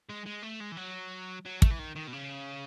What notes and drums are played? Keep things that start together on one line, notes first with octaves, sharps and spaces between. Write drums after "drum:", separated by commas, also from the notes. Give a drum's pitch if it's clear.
G#3
G#3
A3
G#3
E3
F#3
F#3
A3, drum: kick
E3
D#3
D#3
B2
C#3